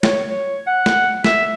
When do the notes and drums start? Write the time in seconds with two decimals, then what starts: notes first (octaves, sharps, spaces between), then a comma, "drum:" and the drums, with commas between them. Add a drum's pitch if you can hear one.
0.03 C#5, drum: snare
0.30 C#5
0.67 F#5
0.86 drum: snare
1.24 E5, drum: snare